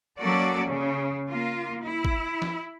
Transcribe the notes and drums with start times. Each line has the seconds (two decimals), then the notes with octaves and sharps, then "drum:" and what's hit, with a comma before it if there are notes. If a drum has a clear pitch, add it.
0.18 F#3 A#3 C#4 F#4 A4 D5
0.68 C#3
1.29 A#3 F4
1.82 E4
2.05 drum: kick
2.42 drum: snare